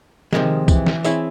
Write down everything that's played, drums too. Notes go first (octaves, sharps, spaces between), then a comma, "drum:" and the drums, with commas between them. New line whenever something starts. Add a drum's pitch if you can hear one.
C3 D#3 F3 G#3, drum: snare
E3, drum: kick, tambourine
drum: snare
C4 E4 G#4 C#5 E5, drum: tambourine